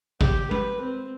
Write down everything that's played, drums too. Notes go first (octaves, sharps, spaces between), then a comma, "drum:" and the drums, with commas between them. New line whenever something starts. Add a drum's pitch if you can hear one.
G4, drum: kick G#1
B4, drum: tom G#3
C4